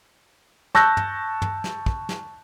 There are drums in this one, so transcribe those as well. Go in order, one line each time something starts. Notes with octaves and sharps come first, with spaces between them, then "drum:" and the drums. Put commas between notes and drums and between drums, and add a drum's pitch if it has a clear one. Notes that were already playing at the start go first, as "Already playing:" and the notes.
A5 C#6 E6 F#6 G6 A#6, drum: snare
drum: tom
drum: tom
drum: snare
drum: kick
drum: snare